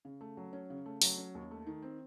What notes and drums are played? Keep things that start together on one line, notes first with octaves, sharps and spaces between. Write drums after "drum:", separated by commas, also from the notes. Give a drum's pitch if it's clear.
C#3
A3
F#3
C#4
C#3
A3
F#3, drum: open hi-hat
C#4
D#2
A3
D#3
C4